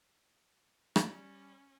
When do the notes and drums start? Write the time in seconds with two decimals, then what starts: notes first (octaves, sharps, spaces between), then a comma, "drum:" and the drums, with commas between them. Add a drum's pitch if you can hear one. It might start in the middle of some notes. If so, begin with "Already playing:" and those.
0.96 G3 C#4, drum: rim click